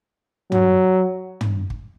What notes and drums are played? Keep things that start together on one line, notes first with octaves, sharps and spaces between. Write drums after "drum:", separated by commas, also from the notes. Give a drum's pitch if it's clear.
F#3, drum: tom
drum: tom
drum: kick